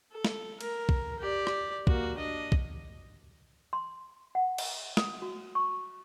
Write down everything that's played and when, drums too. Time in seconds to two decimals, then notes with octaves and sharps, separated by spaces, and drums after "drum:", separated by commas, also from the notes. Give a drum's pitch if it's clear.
0.12 A4
0.25 drum: snare
0.61 A#4, drum: cymbal
0.89 drum: kick
1.19 G4 D5
1.47 drum: rim click
1.87 A#3 F#4, drum: kick
2.17 D4 D#5
2.52 drum: kick
3.73 C6
4.35 F#5
4.58 drum: cymbal
4.97 D#6, drum: snare
5.22 F#4
5.55 C#6